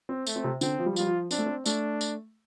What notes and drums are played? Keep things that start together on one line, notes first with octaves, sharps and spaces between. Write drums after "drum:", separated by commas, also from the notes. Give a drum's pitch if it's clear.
C4
A3, drum: tambourine
C4
C3
D3 C4, drum: tambourine
F3
G3
F3
G3 F4, drum: tambourine
F3
C4 D4, drum: tambourine
A3
C4
A3 D4, drum: tambourine
drum: tambourine